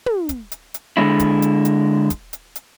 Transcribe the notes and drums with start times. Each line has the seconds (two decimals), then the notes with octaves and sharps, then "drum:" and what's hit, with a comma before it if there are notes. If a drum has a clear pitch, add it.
0.06 drum: tom
0.29 drum: kick, hi-hat
0.52 drum: hi-hat
0.74 drum: hi-hat
0.97 D3 G#3 E4
1.20 drum: kick, hi-hat
1.42 drum: hi-hat
1.65 drum: hi-hat
2.10 drum: kick, hi-hat
2.33 drum: hi-hat
2.55 drum: hi-hat